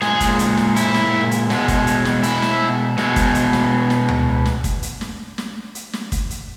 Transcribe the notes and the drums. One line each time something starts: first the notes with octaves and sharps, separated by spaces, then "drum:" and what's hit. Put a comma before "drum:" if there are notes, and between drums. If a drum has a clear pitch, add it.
A#2 G#3 G#4, drum: snare
drum: kick, hi-hat
drum: hi-hat
drum: snare
E4, drum: hi-hat
drum: snare
drum: hi-hat
B2 G#3, drum: snare
drum: kick, hi-hat
drum: hi-hat
drum: snare
E4, drum: hi-hat
drum: snare
B2 G#3, drum: snare
drum: kick, hi-hat
drum: hi-hat
drum: snare
drum: snare
drum: tom D2
drum: snare
drum: kick, hi-hat
drum: hi-hat
drum: snare
drum: snare
drum: hi-hat
drum: snare
drum: kick, hi-hat
drum: hi-hat